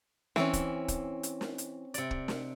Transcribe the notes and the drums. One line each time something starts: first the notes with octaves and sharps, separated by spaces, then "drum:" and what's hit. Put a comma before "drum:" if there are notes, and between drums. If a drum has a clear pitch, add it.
E3 C4 C#4, drum: snare
drum: kick, hi-hat
drum: kick, hi-hat
drum: hi-hat
drum: snare
drum: hi-hat
C3 D5, drum: hi-hat
drum: kick
drum: snare